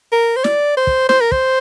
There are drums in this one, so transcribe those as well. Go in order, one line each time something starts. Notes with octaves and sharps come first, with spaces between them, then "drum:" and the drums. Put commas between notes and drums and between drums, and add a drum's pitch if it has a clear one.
A#4
C5
D5, drum: snare
C5
drum: kick
C5, drum: snare
A#4
C5, drum: kick